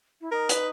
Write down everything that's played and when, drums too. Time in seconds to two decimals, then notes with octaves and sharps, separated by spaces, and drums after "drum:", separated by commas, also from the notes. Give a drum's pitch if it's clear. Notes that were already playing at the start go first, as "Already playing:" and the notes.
0.20 E4
0.31 D#4 A#4
0.49 B4, drum: hi-hat